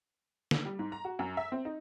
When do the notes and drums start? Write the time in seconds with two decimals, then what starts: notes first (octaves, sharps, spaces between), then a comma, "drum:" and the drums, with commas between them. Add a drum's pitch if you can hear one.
0.51 drum: snare
0.65 G3
0.79 G#2
0.92 A#5
1.05 F#4
1.19 F#2
1.37 E5
1.52 C4
1.65 D#4